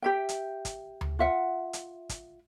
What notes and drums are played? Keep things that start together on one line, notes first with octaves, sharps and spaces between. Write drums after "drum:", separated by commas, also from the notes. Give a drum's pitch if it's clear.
G4 E5 G5
drum: hi-hat
drum: kick, hi-hat
drum: tom D2
F4 E5 F#5
drum: hi-hat
drum: kick, hi-hat